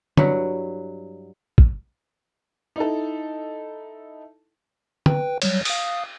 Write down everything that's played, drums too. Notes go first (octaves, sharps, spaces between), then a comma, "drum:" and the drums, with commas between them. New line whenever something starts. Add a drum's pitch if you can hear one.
G2 F#3 E4 F#5, drum: tom D3
drum: kick
D#4 E4 A4
B4 G5, drum: tom D3
F#3 G3 C#5, drum: cymbal
F5 D#6, drum: open hi-hat